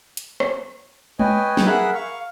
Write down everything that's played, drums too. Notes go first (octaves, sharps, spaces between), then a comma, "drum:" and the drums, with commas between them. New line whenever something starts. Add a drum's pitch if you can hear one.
drum: hi-hat
drum: rim click
B4 C#5 D#5 G5 G#5, drum: tom G#3
drum: snare
G#4 A#4 E5 F#5 B5 F#6
F5 C#6